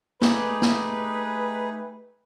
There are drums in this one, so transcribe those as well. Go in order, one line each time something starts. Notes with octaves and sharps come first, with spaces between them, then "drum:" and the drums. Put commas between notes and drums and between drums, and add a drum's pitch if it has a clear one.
A3 D#4 G4 G#4 B4 D5, drum: snare
drum: snare